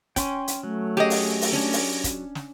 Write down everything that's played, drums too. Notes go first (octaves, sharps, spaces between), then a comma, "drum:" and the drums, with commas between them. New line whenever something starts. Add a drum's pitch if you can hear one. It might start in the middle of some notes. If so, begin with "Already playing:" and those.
C#4 G5 C6 C#6, drum: kick, hi-hat
drum: hi-hat
F#3 A3
C#4 G4 G#4 D#5 F#5
drum: open hi-hat
drum: open hi-hat
C#4 D4 C#5
drum: open hi-hat
drum: kick, hi-hat
drum: snare